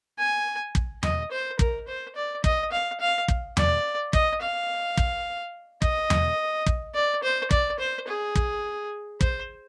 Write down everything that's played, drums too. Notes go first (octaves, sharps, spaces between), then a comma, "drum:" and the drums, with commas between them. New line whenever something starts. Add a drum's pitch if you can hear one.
G#5
drum: kick
D#5, drum: tom E2
C5
A#4, drum: kick
C5
D5
D#5, drum: kick
F5
F5
drum: kick
D5, drum: tom E2
D#5, drum: kick
F5
drum: kick
D#5, drum: kick
drum: tom E2
drum: kick
D5
C5
D5, drum: kick
C5
G#4
drum: kick
C5, drum: kick